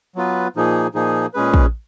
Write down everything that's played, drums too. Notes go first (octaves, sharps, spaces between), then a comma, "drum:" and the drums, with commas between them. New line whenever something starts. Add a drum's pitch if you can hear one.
F#3 B3 F4 B4
A#2 F3 A#3 D#4 G#4
A#2 F3 A#3 D#4 G#4
A#2 G#3 C#4 G#4 B4
drum: kick